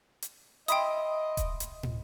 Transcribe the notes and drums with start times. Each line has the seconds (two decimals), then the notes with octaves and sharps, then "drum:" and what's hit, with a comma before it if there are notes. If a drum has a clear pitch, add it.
0.22 drum: hi-hat
0.68 D#5 E5 G5 B5 C6 D#6, drum: hi-hat
1.37 drum: kick D#1, hi-hat
1.60 drum: hi-hat
1.83 drum: tom